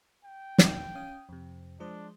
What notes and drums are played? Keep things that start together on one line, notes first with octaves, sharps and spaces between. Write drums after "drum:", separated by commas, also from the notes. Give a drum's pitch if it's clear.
G5
D#2 A#2, drum: snare
C#4 F5 D#6
F2 C3
F3 G#3 D4 C5